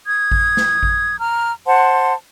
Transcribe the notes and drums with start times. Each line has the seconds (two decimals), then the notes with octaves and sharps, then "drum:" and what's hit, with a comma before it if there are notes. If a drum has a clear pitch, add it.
0.06 D#6 G#6
0.32 drum: kick G#1
0.57 drum: snare
0.83 drum: kick G#1
1.20 A#5 F6
1.66 C5 F#5 A5 C6